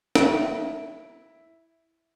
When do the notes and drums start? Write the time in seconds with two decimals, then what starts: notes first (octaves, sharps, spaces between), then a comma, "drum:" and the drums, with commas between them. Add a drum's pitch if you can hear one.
0.15 E4 D7, drum: snare